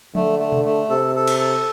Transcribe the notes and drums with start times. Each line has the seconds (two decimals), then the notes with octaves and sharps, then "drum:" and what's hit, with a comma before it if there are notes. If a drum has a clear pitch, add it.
0.15 D3 A3, drum: tom F3
0.39 A3
0.52 drum: tom B2
0.65 A3
0.90 C3 A4
1.15 A4
1.27 drum: cymbal
1.39 A4